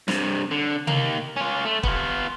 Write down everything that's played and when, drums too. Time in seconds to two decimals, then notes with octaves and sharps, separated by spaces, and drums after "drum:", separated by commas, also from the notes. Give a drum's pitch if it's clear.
0.08 G2 C3, drum: snare
0.51 D3
0.87 D#3 A#3, drum: tom C3
1.36 C#4 F4
1.65 A3
1.83 B3 F4, drum: kick